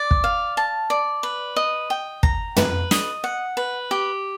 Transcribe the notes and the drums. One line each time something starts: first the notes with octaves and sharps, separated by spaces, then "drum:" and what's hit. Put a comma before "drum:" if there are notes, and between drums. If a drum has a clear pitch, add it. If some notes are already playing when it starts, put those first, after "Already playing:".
Already playing: D5
drum: kick
F5
A5
D5
B4
D#5
G5
A#5, drum: kick
B4, drum: tom
D#5, drum: snare
F#5
B4
G4